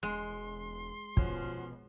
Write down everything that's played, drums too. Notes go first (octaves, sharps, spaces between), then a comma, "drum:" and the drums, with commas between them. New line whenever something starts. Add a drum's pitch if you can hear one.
E1 G#3 C6
B2 F3 C#4 F#4, drum: kick